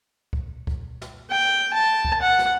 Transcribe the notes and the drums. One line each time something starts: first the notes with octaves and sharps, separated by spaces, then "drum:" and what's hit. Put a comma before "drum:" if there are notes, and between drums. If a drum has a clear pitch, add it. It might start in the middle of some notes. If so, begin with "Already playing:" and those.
drum: kick C#2
drum: kick C#2
drum: snare
G5
A5
drum: kick C#2
F#5
drum: snare